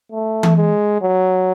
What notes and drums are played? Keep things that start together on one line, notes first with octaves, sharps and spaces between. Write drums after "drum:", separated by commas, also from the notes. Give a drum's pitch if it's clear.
A3
drum: tom E3
G#3
F#3